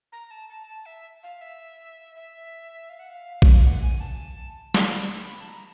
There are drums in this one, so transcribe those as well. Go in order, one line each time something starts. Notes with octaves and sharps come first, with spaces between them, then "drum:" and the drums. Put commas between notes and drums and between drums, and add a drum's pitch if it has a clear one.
A#5
A5
A5
A5
E5
F5
E5
E5
F5
F#5
F5
drum: kick A#1
F5
F#5
G#5
A5
A#5, drum: snare
A#5
B5
A5
A#5